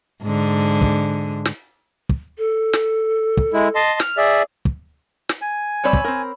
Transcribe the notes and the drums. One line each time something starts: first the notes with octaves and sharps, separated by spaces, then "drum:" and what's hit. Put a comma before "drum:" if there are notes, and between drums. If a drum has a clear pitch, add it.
G#2 D3
drum: kick
drum: snare
drum: kick
A4
drum: snare
drum: kick
G#3 E4
D#5 A5 C6
F6, drum: snare
G#4 D5 E5
drum: kick
drum: snare
G#5
G3 C4 C#5 D5 B5 E6
drum: kick
C4 A#4